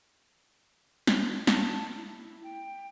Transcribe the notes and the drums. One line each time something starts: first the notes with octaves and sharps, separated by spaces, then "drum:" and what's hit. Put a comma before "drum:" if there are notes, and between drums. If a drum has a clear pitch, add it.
drum: snare
A5, drum: snare
E4
G5